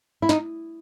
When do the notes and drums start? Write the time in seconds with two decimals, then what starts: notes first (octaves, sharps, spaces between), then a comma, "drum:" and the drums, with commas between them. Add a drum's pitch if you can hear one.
0.22 E4
0.29 D#4, drum: snare